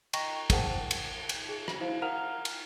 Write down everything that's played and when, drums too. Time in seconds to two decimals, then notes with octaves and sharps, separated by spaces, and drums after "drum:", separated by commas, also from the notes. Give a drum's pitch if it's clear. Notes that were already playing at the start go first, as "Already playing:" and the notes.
0.13 D#5 G5 A#5 C#6 A#6, drum: cymbal
0.50 G#4 A#4 C5 F#5 G5 A5, drum: kick, cymbal
0.91 drum: cymbal
1.29 drum: cymbal
1.49 G#4
1.68 drum: rim click
1.80 E4 C5 F5
2.02 A#4 F5 F#5 A#5 F6 F7
2.45 drum: cymbal